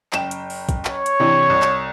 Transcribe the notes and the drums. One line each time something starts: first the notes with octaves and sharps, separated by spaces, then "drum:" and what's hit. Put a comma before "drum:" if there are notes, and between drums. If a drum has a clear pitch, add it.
F#1 G5 E7, drum: clap
drum: hi-hat
drum: open hi-hat
drum: kick, hi-hat
C#5, drum: clap
drum: hi-hat
C3 E3 D4
C2
drum: clap